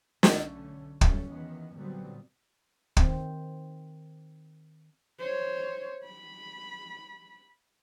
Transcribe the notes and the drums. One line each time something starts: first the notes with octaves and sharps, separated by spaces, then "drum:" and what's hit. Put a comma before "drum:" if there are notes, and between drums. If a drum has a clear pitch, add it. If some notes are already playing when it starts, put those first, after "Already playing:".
B1 D3 A3 C#4, drum: snare
D2 F#3 G3 A3 C#4, drum: kick
E2 D#3 E3 B3
A#2 D3 F#3 G3 B3 C4
D#3 C4, drum: kick
C5 C#5
B5